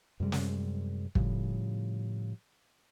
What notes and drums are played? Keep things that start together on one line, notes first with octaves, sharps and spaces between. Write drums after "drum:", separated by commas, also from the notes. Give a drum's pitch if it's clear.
F#2 C3 G3 G#3
drum: snare
A2 C#3 F3 G3, drum: kick